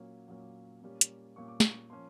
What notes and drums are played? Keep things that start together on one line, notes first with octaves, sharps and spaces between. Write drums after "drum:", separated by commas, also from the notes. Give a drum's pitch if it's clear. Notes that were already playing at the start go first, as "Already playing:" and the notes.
Already playing: A#2 F#3 A#3 C#4
A#2 F#3 A#3 C#4
A#2 G3 A#3 C#4
drum: hi-hat
A#2 G3 A#3 C#4 C#6
D6
C#6, drum: snare
F3 A#3 C#4 C6